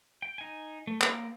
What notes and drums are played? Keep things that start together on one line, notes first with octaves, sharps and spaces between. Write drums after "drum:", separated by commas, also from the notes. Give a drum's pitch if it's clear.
G5
D#4 G#5
A3
A#3, drum: clap